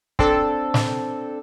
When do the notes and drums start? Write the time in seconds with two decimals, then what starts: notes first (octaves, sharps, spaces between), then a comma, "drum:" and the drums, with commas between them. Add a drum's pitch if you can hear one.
0.19 C4 D4 A4, drum: kick
0.74 drum: snare